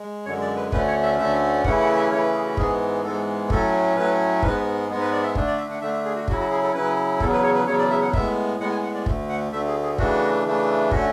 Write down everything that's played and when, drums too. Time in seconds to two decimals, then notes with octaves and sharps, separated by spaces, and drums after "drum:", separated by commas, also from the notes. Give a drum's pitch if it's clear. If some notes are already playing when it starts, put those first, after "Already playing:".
Already playing: G#3
0.26 F#2 D3 G#3 C#5
0.41 D5
0.56 B4
0.72 D2 D3 A3 C#4 B4, drum: kick
0.88 C#5
1.03 E5
1.18 D2 D3 A3 C#4 E5
1.64 C#3 E3 A3 C#4 E4 F#5, drum: kick
1.80 F#5
1.95 E5
2.11 C#3 E3 A3 C#4 E4 C#5
2.22 B4
2.35 G#4
2.46 F#4
2.57 G#2 E3 G#3 B3 G#4, drum: kick
3.03 G#2 E3 G#3 B3 A4
3.50 A2 F#3 A3 C#4 A4, drum: kick
3.96 A2 F#3 A3 C#4 B4
4.42 G#2 G#3 B3 B4, drum: kick
4.89 G#2 G#3 B3
5.01 B4
5.12 D5
5.23 E5
5.35 D3 A3 D4, drum: kick
5.47 D5
5.58 E5
5.71 F#5
5.81 D3 A3 D4 E5
5.93 E5
6.05 G#4
6.16 F#4
6.28 C#3 F#3 C#4 E4 F#4, drum: kick
6.40 F#4
6.51 G#4
6.63 A4
6.74 C#3 F#3 C#4 E4 B4
7.20 E2 C#3 F#3 A4, drum: kick
7.33 B4
7.43 C#5
7.55 B4
7.67 E2 C#3 F#3 C#5
7.78 D5
7.91 E5
8.02 F#5
8.13 A2 G#3 B3 E5, drum: kick
8.60 A2 G#3 B3 F#5
8.72 G#5
8.83 F#5
8.94 D5
9.06 D2 D3 A3, drum: kick
9.29 F#5
9.52 D2 D3 A3 E5
9.68 G#4
9.83 G#4
9.98 C#3 E3 A3 D4 F#4, drum: kick
10.45 C#3 E3 A3 D4
10.91 D3 A3 C#4 F#4, drum: kick